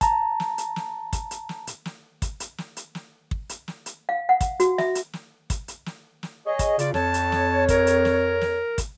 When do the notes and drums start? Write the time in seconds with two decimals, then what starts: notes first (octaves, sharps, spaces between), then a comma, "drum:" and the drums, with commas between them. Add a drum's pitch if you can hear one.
0.01 A5 A#5, drum: kick, hi-hat
0.40 drum: snare
0.58 drum: hi-hat
0.76 drum: snare
1.13 drum: kick, hi-hat
1.31 drum: hi-hat
1.49 drum: snare
1.67 drum: hi-hat
1.85 drum: snare
2.22 drum: kick, hi-hat
2.40 drum: hi-hat
2.58 drum: snare
2.77 drum: hi-hat
2.95 drum: snare
3.31 drum: kick
3.49 drum: hi-hat
3.68 drum: snare
3.86 drum: hi-hat
4.09 F5
4.29 F#5
4.41 drum: kick, hi-hat
4.60 F#4, drum: hi-hat
4.78 E5, drum: snare
4.95 drum: hi-hat
5.13 drum: snare
5.50 drum: kick, hi-hat
5.68 drum: hi-hat
5.86 drum: snare
6.23 drum: snare
6.46 G#4 C#5 D#5
6.59 drum: kick, hi-hat
6.79 C#3 F4 D5, drum: hi-hat
6.94 F2 C#5 A5, drum: snare
7.14 drum: hi-hat
7.32 drum: snare
7.69 A#4, drum: kick, hi-hat
7.87 drum: hi-hat
8.05 drum: snare
8.41 drum: snare
8.78 drum: kick, hi-hat